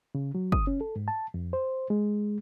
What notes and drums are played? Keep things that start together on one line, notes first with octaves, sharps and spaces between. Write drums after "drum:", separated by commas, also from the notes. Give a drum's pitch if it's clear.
C#3
F#3
D#6, drum: kick
C#4
A4
G#2
A5
F2
C5
G#3